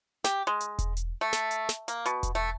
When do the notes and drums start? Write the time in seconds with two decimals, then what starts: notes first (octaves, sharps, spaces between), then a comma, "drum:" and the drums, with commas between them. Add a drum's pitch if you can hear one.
0.24 G4, drum: snare
0.47 G#3
0.60 drum: hi-hat
0.79 drum: kick E1, hi-hat
0.97 drum: hi-hat
1.21 A3
1.33 drum: snare
1.51 drum: hi-hat
1.69 drum: snare
1.88 A#3, drum: hi-hat
2.06 B2, drum: hi-hat
2.23 drum: kick E1, hi-hat
2.35 A3